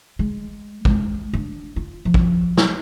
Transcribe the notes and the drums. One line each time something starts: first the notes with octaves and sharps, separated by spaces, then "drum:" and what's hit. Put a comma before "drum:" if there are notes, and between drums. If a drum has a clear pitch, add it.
G#3
G#3 C#4, drum: kick
D4
F4
F3
drum: kick
drum: snare